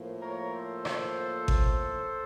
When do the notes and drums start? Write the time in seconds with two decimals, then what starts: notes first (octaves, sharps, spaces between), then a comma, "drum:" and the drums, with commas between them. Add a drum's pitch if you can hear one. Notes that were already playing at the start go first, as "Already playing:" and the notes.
Already playing: A2 F3 A#3
0.21 A#4 C#5
0.53 A4 C5
0.85 drum: rim click
1.48 drum: kick G#1